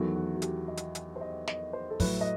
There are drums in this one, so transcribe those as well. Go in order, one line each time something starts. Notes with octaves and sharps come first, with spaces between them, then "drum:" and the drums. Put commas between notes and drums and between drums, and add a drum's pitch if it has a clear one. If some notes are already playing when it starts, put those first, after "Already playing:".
Already playing: E2 D#3 F#3 A3 F#4
F#4
F#4
G4, drum: hi-hat
D#5
drum: hi-hat
drum: hi-hat
C5
D#5
D#5, drum: snare
C5
A4
A2 F#3 A3 B4, drum: kick, open hi-hat
D#5